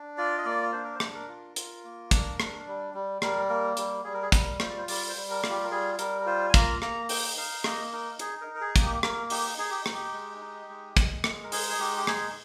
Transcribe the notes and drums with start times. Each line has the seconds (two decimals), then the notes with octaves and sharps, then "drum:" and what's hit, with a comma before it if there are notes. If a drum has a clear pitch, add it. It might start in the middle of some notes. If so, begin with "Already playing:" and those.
Already playing: D4
0.18 F4 D5
0.38 D#5
0.45 A#3 D5
0.73 D4 C5
0.84 A#4
0.95 C5
1.00 D4, drum: rim click
1.14 A#4
1.28 F4
1.56 F4, drum: hi-hat
1.84 A#3
2.11 D4, drum: kick, hi-hat
2.40 D4, drum: rim click
2.67 G3
2.94 G3
3.22 G3 A#4, drum: rim click
3.50 A#3 A#4
3.77 G3, drum: hi-hat
4.04 G3 G#4
4.14 A#4
4.22 G#4
4.32 G3 A#4, drum: kick, hi-hat
4.60 F4 C5, drum: rim click
4.69 D5
4.77 C5
4.88 G3 D5, drum: open hi-hat
5.09 C5
5.15 G3
5.30 A#4
5.44 F4, drum: rim click
5.50 G4
5.63 A#4
5.71 G3 G#4
5.99 G3 A#4, drum: hi-hat
6.21 A#4
6.26 F4 C5
6.49 G#5
6.54 A#3 A#5, drum: kick, hi-hat
6.82 A#3 A#5, drum: rim click
7.09 D#4 G5, drum: open hi-hat
7.37 D#4 F5
7.64 A#3 D#5, drum: rim click
7.92 D#4 A#4
8.19 D#4 G#4, drum: hi-hat
8.41 A#4
8.47 D#4
8.55 A#4
8.61 G#4
8.76 A#3, drum: kick, hi-hat
8.82 G4
9.03 A#3 A#4, drum: rim click
9.30 D#4 G4, drum: open hi-hat
9.58 D#4 G#4
9.70 G4
9.86 D#4, drum: rim click
9.93 G4
10.14 G#3
10.41 D#4
10.69 G#3
10.97 G#3, drum: kick, hi-hat
11.24 G#3, drum: rim click
11.44 A#4
11.52 D#4 G#4, drum: open hi-hat
11.69 G#4
11.80 G#3 G4
11.97 G4
12.07 D#4 G#4, drum: rim click